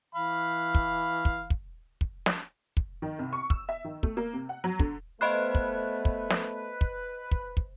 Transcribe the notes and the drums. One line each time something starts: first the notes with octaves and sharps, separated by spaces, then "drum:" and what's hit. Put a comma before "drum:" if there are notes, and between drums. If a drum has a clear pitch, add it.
E3 F5 B5
drum: kick
drum: kick
drum: kick
drum: kick
drum: snare
drum: kick
D#3
C2
C#6
E6, drum: kick
E5
D#3
A3, drum: kick
A#3
C3
F#5
F#3
D3, drum: kick
A3 B3 B4 C5 D#5 F5 B5 F#6
drum: kick
drum: kick
drum: snare
drum: kick
drum: kick
drum: kick